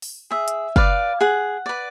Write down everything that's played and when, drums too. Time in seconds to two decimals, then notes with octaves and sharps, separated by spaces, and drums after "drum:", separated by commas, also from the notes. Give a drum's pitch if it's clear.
0.02 drum: open hi-hat
0.31 G#4 E5
0.48 drum: hi-hat
0.76 B4 D5 F5, drum: kick F#1
1.21 G#4 F#5
1.66 B4 D5